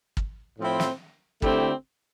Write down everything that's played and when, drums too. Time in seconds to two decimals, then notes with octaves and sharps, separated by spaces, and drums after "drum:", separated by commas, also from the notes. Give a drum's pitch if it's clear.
0.17 drum: kick
0.58 A2 F3 C4 E4
0.80 drum: snare
1.42 D3 A3 C4 E4 G4, drum: kick